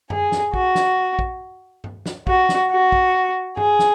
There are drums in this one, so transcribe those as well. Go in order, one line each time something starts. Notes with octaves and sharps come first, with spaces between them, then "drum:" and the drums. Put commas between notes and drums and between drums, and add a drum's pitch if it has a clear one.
G#4, drum: tom F#2
drum: snare
F#4, drum: kick
drum: snare
drum: kick
drum: tom G2
drum: snare
F#4, drum: kick
drum: snare
F#4
drum: kick
G#4, drum: tom G2
drum: snare